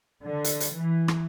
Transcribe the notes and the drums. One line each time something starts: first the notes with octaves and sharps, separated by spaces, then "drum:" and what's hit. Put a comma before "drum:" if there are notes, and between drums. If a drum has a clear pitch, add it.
D3
drum: hi-hat
drum: hi-hat
E3
drum: rim click